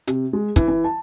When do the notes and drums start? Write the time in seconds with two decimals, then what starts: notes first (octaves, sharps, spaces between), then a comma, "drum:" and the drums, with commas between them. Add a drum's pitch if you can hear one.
0.07 C3, drum: hi-hat
0.33 G#3
0.56 E3, drum: kick, hi-hat
0.68 E3
0.84 A5